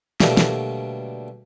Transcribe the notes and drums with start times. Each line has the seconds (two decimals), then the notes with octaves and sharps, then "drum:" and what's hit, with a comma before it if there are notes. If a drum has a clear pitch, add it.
0.20 B2 D3 F#3 G3 A3 A#3, drum: snare
0.37 drum: snare